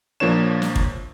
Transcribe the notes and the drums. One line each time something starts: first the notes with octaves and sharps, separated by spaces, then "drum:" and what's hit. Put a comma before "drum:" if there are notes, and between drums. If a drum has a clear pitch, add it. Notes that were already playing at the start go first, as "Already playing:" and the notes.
A#1 F3 A#3 D4 C#5 E7
drum: snare
drum: kick